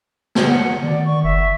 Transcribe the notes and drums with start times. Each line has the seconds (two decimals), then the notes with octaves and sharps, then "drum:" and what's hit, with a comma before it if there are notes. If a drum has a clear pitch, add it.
0.35 drum: snare
0.47 F#5
0.83 D#3 D5
1.05 C#6
1.24 F#1 E5